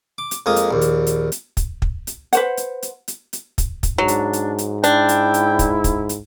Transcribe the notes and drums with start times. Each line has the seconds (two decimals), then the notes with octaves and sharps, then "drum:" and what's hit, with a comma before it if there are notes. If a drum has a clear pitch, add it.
0.18 D6
0.31 drum: hi-hat
0.46 F2 G#3 A#3 D#6
0.56 drum: hi-hat
0.71 A#1 D#2
0.81 drum: hi-hat
1.07 drum: hi-hat
1.32 drum: hi-hat
1.57 drum: kick, hi-hat
1.82 drum: kick
2.07 drum: hi-hat
2.33 B4 C5 F#5, drum: hi-hat
2.57 drum: hi-hat
2.82 drum: hi-hat
3.08 drum: hi-hat
3.33 drum: hi-hat
3.58 drum: kick, hi-hat
3.83 drum: kick, hi-hat
3.98 G#2 F#3 D4
4.08 drum: hi-hat
4.33 drum: hi-hat
4.58 drum: hi-hat
4.84 D4 E4 G5, drum: hi-hat
5.09 drum: hi-hat
5.34 drum: hi-hat
5.59 drum: kick, hi-hat
5.84 drum: kick, hi-hat
6.09 drum: hi-hat